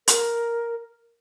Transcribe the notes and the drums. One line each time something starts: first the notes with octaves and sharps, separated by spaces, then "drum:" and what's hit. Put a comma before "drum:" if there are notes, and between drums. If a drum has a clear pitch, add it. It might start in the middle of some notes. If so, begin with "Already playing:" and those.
A#4, drum: hi-hat